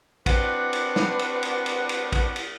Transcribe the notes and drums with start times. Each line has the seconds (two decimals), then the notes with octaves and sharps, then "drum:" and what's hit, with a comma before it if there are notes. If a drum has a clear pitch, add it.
0.26 C4 D4 F#4 B4 F#5, drum: kick, cymbal
0.73 drum: cymbal
0.96 drum: snare
1.19 drum: cymbal
1.43 drum: cymbal
1.66 drum: cymbal
1.89 drum: cymbal
2.12 drum: kick, cymbal
2.36 drum: cymbal